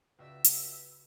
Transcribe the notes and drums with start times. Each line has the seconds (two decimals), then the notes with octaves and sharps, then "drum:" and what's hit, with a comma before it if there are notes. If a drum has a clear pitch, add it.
0.19 C#2 C#3 F#4 B4 D5 E5 E6
0.44 drum: hi-hat